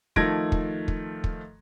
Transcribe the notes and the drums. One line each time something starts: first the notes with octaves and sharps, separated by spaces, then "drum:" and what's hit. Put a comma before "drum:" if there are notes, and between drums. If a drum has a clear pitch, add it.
D#3 F3 A3 G#6 A#6 D7, drum: kick
drum: kick
drum: kick
drum: kick